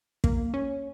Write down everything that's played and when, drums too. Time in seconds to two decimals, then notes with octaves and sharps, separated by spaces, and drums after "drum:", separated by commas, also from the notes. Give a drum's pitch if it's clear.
0.24 A#3, drum: kick
0.54 C#4